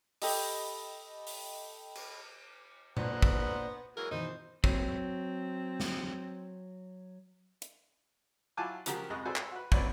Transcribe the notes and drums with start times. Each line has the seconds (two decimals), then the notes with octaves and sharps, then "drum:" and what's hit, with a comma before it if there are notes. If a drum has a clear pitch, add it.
0.22 G4 A4 B4 D#5, drum: open hi-hat
1.27 drum: open hi-hat
1.95 drum: cymbal
2.97 A#2 B3 D4 C5 F#5 A#5, drum: tom A#2
3.22 drum: kick
3.97 E3 F#3 G#3 A#4
4.11 B2 D#3 E3 D#4 C5
4.64 F#3 C4, drum: kick
5.80 drum: snare
7.62 drum: hi-hat
8.57 F#3 E4 F4 G#5 A5 D6
8.86 C#3 F3 F#3 F#4 G4 A#4, drum: hi-hat
9.10 C2 F2 G#3 D#5 C#6 F#6
9.25 G#4 A4 B4 C5 D5
9.36 drum: clap
9.51 F#4 B4
9.72 F#3 C4 C#4 B4 D5, drum: kick